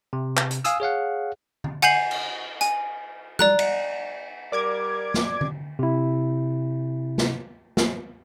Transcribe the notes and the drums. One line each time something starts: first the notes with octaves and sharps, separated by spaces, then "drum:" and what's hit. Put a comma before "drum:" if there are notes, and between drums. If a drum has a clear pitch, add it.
C3
drum: clap
drum: hi-hat
F5 G#5 D#6 E6, drum: hi-hat
G#4 C#5 F5 F#5
drum: tom D3
F#5 G#5 G6 C7 F#7, drum: cymbal
drum: cymbal
G#5, drum: hi-hat
D5 A#5 F#6, drum: tom
drum: cymbal
G3 A#4 D5 D6 G#6
drum: snare
drum: tom D3
C3 E4
drum: snare
drum: snare